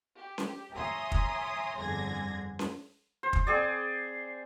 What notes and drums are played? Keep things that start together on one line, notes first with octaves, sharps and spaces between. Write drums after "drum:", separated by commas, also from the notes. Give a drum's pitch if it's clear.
G4
drum: snare C#4
C#5 E5 G#5 A#5 C6 D#6
drum: kick
G1 F2 D3 G#4 G#6 A#6
drum: snare C#4
C5
drum: kick
C4 G#4 D5